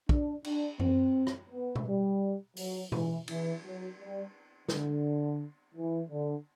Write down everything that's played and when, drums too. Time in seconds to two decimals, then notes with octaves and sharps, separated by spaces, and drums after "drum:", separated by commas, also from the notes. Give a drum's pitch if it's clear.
0.09 D4, drum: kick
0.44 D4, drum: cymbal
0.80 C4, drum: tom F#2
1.27 drum: rim click
1.50 B3
1.75 drum: tom B2
1.85 G3
2.57 F#3, drum: open hi-hat
2.92 E3, drum: tom B2
3.28 E3, drum: cymbal
3.63 F#3
3.98 G3
4.68 D3, drum: snare
5.75 E3
6.10 D3